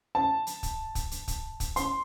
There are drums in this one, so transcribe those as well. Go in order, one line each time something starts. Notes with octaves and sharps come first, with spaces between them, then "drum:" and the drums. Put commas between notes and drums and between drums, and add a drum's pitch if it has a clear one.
A5
drum: hi-hat
drum: kick, hi-hat
drum: kick, hi-hat
drum: hi-hat
drum: kick, hi-hat
drum: kick, hi-hat
C6, drum: hi-hat